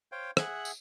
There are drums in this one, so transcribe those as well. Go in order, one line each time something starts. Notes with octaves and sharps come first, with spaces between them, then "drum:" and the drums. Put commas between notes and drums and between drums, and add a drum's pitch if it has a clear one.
C5 C#5 F5 G5
G#4 E5 F#5 F#6, drum: rim click
drum: tambourine